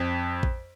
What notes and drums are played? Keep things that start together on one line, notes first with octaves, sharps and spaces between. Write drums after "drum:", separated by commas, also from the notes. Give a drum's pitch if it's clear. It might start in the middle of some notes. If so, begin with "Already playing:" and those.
Already playing: F2
drum: kick A#1